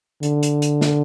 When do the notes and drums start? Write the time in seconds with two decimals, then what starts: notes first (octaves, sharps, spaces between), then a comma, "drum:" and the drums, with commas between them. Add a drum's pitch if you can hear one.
0.23 D3, drum: hi-hat
0.43 drum: hi-hat
0.62 drum: hi-hat
0.81 drum: snare